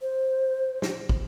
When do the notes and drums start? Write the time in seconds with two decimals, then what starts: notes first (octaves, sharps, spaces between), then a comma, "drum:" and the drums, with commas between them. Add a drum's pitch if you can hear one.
0.01 C5
0.82 drum: snare
1.09 drum: kick